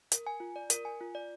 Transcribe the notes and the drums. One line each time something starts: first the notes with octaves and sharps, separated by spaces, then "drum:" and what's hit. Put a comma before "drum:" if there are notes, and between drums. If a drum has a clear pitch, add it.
A#4, drum: hi-hat
G#5
F4
D5
A#4, drum: hi-hat
G#5
F4
D5